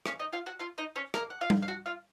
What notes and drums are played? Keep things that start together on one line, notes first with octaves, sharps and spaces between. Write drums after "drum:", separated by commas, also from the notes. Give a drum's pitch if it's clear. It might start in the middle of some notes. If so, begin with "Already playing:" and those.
C#4 C#5, drum: rim click
D#4 D#5
F4 F5
F#4 F#5
F4 F5
D#4 D#5
C#4 C#5
A#3 A#4, drum: rim click
F#5
F4 F5
drum: tom G3
F5
F#4 F#5
F4 F5